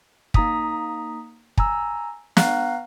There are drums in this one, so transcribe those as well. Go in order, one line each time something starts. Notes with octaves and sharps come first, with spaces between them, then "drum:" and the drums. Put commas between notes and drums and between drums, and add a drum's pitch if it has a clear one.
A#3 D#4 A#5 D#6 B6, drum: kick
G#5 A#5 E6, drum: kick
B3 F5 A#5 F#6, drum: snare